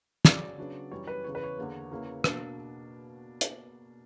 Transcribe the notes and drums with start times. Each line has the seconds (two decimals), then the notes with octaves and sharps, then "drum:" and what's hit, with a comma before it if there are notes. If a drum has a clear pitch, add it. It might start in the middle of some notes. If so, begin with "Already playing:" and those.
0.25 C#3 F#3 C#4 D5, drum: snare
0.58 C#3 F#3 B3 D4
0.91 F#2 E3 G3 C#5
1.07 B4
1.24 E2 C#3 E3 C#5
1.35 B4
1.43 C#5
1.58 E2 D3 A#3
1.92 E2 C#3 E3 A#3
2.24 B2 A#3 D4, drum: rim click
3.41 drum: hi-hat